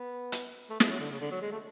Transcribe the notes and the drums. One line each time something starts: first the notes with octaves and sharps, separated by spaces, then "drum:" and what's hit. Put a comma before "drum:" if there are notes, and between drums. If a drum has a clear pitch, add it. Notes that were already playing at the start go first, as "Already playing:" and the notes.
Already playing: B3
drum: hi-hat
A3
G#3, drum: snare
F#3
D3
C#3
D3
F#3
G#3
A3